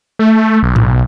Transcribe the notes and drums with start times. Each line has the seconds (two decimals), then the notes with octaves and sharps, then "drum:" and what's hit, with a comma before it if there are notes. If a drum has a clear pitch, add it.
0.19 A3
0.63 B1
0.76 drum: tom G#2